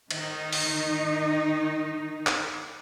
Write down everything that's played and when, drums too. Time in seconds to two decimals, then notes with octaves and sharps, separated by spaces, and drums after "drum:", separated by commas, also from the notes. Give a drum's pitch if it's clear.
0.11 D#3 D#4, drum: cymbal
0.53 drum: open hi-hat
2.27 drum: clap